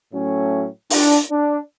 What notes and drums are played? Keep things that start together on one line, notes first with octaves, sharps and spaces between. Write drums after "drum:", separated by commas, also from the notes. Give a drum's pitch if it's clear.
A2 F#3 A3 C#4
D4, drum: open hi-hat
D4